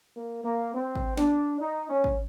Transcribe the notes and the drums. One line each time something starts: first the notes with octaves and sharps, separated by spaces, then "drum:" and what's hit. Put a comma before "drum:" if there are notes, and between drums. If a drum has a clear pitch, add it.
A#3
A#3
C4
drum: kick
D4, drum: snare
D#4
C#4
drum: kick